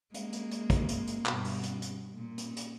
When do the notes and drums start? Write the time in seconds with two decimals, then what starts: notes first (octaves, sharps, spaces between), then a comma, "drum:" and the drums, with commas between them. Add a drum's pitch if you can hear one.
0.14 G#3 A#3, drum: hi-hat
0.33 drum: hi-hat
0.51 drum: hi-hat
0.70 drum: kick, hi-hat
0.88 drum: hi-hat
1.07 drum: hi-hat
1.26 G2 B2, drum: clap
1.44 drum: open hi-hat
1.63 drum: hi-hat
1.82 drum: hi-hat
2.15 A#2
2.38 drum: hi-hat
2.56 drum: hi-hat